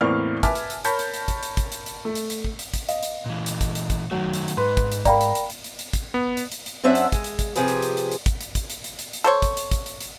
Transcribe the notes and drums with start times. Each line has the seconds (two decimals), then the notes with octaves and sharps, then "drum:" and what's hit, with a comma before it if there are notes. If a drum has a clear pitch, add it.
0.01 E2 A2 A#3 C4 D5 F6
0.43 B4 E5 G#5 A5 D6 F6, drum: kick, hi-hat
0.55 drum: hi-hat
0.70 drum: hi-hat
0.84 A#4 C#5 A5 B5 C#6 G6, drum: hi-hat
0.99 drum: hi-hat
1.14 drum: hi-hat
1.28 drum: kick, hi-hat
1.43 drum: hi-hat
1.57 drum: kick, hi-hat
1.72 drum: hi-hat
1.86 drum: hi-hat
2.05 A3
2.15 drum: hi-hat
2.30 drum: hi-hat
2.44 drum: kick
2.59 drum: hi-hat
2.74 drum: kick, hi-hat
2.89 D#5 F5, drum: hi-hat
3.03 drum: hi-hat
3.26 A#2 E3
3.46 drum: hi-hat
3.61 drum: kick, hi-hat
3.75 drum: hi-hat
3.90 drum: kick, hi-hat
4.11 D#3 F#3 A3
4.33 drum: hi-hat
4.48 drum: hi-hat
4.57 G#2 B4 C6
4.77 drum: kick, hi-hat
4.92 drum: hi-hat
5.05 A#4 D5 F5 G5 A#5 B5, drum: kick, hi-hat
5.21 drum: hi-hat
5.35 drum: hi-hat
5.50 drum: hi-hat
5.64 drum: hi-hat
5.79 drum: hi-hat
5.93 drum: kick, hi-hat
6.14 B3
6.37 drum: hi-hat
6.52 drum: hi-hat
6.66 drum: hi-hat
6.84 F#2 F#3 C4 D4 E5 F#5
6.95 drum: hi-hat
7.12 G#3, drum: kick, hi-hat
7.24 drum: hi-hat
7.39 drum: kick, hi-hat
7.56 C3 F3 G4 G#4 B4, drum: hi-hat
7.68 drum: hi-hat
7.82 drum: hi-hat
7.97 drum: hi-hat
8.12 drum: hi-hat
8.26 drum: kick, hi-hat
8.41 drum: hi-hat
8.55 drum: kick, hi-hat
8.70 drum: hi-hat
8.84 drum: hi-hat
8.99 drum: hi-hat
9.13 drum: hi-hat
9.24 A4 C5 C#5
9.42 drum: kick, hi-hat
9.57 drum: hi-hat
9.71 drum: kick, hi-hat
9.86 drum: hi-hat
10.01 drum: hi-hat